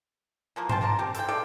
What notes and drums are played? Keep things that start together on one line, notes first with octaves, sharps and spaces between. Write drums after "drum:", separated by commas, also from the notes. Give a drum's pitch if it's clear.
E3 F3 A#3
C5 G5 A5, drum: tom G2
D3 A#3 A#4 A5
C4 G4
A4 C5 F#5 G5, drum: hi-hat
A4 D5 F5 G5